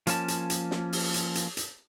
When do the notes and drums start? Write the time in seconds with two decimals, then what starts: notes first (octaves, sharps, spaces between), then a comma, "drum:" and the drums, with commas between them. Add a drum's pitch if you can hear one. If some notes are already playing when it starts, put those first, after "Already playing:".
0.07 F3 A#3 C#4 A4 A5, drum: hi-hat
0.28 drum: hi-hat
0.50 drum: hi-hat
0.71 drum: snare
0.93 drum: open hi-hat
1.14 drum: hi-hat
1.35 drum: hi-hat
1.57 drum: hi-hat